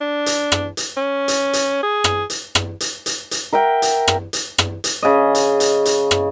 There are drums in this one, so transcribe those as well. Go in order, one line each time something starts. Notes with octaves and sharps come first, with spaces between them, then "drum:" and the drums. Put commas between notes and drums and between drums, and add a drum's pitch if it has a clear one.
D4
drum: hi-hat
drum: rim click
drum: hi-hat
C#4
drum: hi-hat
drum: hi-hat
G#4
drum: rim click
drum: hi-hat
drum: rim click
drum: hi-hat
drum: hi-hat
drum: hi-hat
A#4 E5 F#5 G5
drum: hi-hat
drum: rim click
drum: hi-hat
drum: rim click
drum: hi-hat
C#3 D#5
drum: hi-hat
drum: hi-hat
drum: hi-hat
drum: rim click